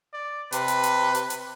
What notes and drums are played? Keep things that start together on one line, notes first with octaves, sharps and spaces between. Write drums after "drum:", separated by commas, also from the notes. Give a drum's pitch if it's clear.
D5
C3 B4, drum: hi-hat
drum: hi-hat
drum: hi-hat
drum: hi-hat
drum: hi-hat